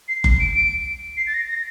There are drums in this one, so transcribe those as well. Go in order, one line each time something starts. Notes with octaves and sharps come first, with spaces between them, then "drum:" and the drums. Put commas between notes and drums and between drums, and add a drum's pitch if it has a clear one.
C7
C7, drum: kick F#1
D7
D7
C7
A6
A#6
A#6